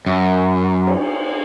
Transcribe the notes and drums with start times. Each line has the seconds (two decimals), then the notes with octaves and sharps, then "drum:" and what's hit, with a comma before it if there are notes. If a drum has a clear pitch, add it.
0.06 F#2
0.87 drum: cymbal